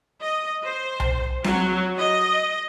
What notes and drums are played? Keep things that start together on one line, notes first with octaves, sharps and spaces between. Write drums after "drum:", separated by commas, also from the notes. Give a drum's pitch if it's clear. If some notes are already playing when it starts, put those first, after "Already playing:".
D#5
C5
drum: tom B1
F#3, drum: snare C4
D#5